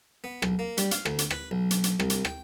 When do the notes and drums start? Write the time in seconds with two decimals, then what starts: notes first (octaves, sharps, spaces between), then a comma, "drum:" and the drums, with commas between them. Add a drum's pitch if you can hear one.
0.24 B3
0.42 B1, drum: rim click
0.59 A#3
0.77 G3, drum: hi-hat
0.91 F5, drum: hi-hat
1.05 D2, drum: rim click
1.19 drum: hi-hat
1.31 B4, drum: rim click
1.51 B1
1.71 drum: hi-hat
1.84 drum: hi-hat
2.00 C2, drum: rim click
2.10 drum: hi-hat
2.25 G5, drum: rim click